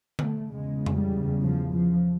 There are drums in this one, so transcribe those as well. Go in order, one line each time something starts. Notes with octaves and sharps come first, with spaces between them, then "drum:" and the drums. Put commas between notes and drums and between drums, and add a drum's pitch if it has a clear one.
A3, drum: tom D3
E2 C#3 G#3
drum: tom F2
G3
F3
F3